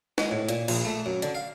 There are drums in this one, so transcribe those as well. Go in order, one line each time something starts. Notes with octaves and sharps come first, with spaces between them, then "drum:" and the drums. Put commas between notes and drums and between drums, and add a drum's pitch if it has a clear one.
G#3, drum: snare
A2
A#2, drum: hi-hat
A#1, drum: cymbal
A3
F#2
D3, drum: hi-hat
F5